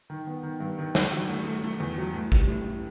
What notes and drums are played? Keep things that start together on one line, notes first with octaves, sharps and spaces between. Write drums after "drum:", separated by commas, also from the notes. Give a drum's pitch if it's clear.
D#3
B3
D#3
G2
D#3
D#3, drum: snare
F#3
A3
A3
A3
E2
F#3
A2
G3, drum: kick A1
A2
A2